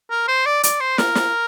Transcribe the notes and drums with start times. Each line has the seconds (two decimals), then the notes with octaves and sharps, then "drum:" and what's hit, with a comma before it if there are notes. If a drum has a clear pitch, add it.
0.11 A#4
0.28 C5
0.46 D5
0.63 D5, drum: hi-hat
0.80 C5
0.98 A#4, drum: snare
1.15 drum: snare